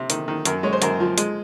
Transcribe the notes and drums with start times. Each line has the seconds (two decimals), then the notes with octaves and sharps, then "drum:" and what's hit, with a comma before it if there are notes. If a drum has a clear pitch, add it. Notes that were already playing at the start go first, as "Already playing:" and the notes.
Already playing: C3
0.10 D#3, drum: hi-hat
0.28 D#3
0.45 F#2 A#4, drum: hi-hat
0.63 G#3 C#5
0.73 C5
0.82 F#2 A#4, drum: hi-hat
1.00 F3
1.18 G#3, drum: hi-hat